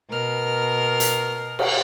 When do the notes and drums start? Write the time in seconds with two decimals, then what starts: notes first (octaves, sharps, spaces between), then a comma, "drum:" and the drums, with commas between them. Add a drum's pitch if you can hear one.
0.11 B2 A#4 F6
1.00 drum: hi-hat
1.59 drum: cymbal